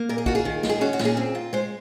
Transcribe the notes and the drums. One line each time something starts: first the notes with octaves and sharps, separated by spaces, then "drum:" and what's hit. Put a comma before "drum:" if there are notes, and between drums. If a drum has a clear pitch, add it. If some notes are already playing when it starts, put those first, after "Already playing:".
Already playing: A#3
A#2 A#4
G#4
F4 F#4, drum: kick A#1
G#4
D#3
G#3, drum: snare
G#4
C#4 F#4
F#4
A#2, drum: snare
G#4
C4
F4
G#3 C5